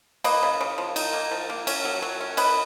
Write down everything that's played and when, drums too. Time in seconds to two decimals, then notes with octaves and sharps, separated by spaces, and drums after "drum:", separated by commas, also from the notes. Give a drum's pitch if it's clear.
0.24 A#3 B4 D#5, drum: cymbal
0.43 C#3
0.61 C#3
0.78 F3
0.96 D#4, drum: cymbal
1.13 A#3
1.31 F3
1.50 A#3
1.67 C#4, drum: cymbal
1.85 F#3
2.02 F#3
2.21 C#4
2.37 C#4 B4 D#5, drum: cymbal